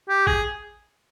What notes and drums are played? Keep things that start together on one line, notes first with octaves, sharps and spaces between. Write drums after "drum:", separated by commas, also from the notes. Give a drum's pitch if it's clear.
G4
G#4, drum: kick A1